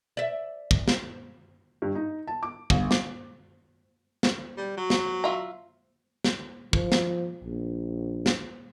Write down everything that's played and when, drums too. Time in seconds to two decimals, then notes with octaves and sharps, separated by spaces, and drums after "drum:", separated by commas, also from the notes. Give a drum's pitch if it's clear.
0.17 D5 E5
0.71 drum: kick
0.88 drum: snare
1.82 G2
1.95 D#4
2.27 A5
2.43 D6
2.70 G1, drum: kick
2.91 D6, drum: snare
4.23 drum: snare
4.57 G3
4.77 F#3
4.90 drum: snare
5.24 F4 E5 A#5
6.24 drum: snare
6.73 F3, drum: kick
6.92 drum: snare
7.43 A#1
8.26 drum: snare